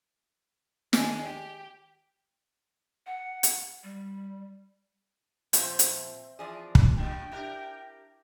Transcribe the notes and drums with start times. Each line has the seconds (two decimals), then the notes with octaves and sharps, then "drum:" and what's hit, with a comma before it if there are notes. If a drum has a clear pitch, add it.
0.93 D#3 G#3 D4, drum: snare
1.23 G4
3.07 F#5
3.43 drum: hi-hat
3.83 G3
5.53 A#2 F3 C4 C5 E5, drum: hi-hat
5.79 drum: hi-hat
6.39 E3 F3 G#4 D5
6.75 drum: kick
6.97 G2 A#2 D4 G5
7.32 D4 E4 G4 A#4